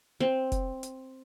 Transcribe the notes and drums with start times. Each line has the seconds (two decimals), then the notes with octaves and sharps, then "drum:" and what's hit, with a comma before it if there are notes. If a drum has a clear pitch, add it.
0.20 C4
0.52 drum: kick F1, hi-hat
0.83 drum: hi-hat